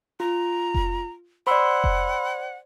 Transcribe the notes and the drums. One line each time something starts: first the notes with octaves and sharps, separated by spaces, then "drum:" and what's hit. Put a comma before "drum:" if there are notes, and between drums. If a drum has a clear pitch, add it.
F4 A#5
drum: kick F1
C5 D5 F#5 B5 C6 E6
drum: kick F1